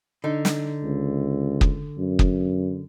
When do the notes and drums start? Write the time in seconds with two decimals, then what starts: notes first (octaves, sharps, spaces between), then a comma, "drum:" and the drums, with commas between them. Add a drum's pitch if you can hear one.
0.24 D3 D#4
0.45 drum: snare
0.84 C#2
1.61 drum: kick
1.98 F#2
2.19 drum: kick